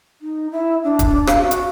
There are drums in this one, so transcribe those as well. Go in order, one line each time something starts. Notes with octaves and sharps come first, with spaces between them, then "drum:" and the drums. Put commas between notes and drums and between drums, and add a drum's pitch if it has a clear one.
D#4
E4
D4
drum: kick, hi-hat
F5, drum: rim click
F#4
drum: hi-hat